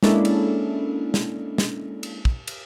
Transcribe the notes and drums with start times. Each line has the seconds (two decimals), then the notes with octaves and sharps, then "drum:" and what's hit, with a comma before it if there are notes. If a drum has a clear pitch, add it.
0.03 G#3 A#3 C#4 D4 E4 A4, drum: snare
0.25 drum: cymbal
1.14 drum: snare
1.58 drum: snare
2.03 drum: cymbal
2.25 drum: kick
2.47 drum: cymbal